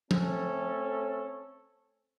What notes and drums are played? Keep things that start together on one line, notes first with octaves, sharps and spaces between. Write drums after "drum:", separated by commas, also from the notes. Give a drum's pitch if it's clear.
A3 C4 C#4 A4 C#5, drum: tom F3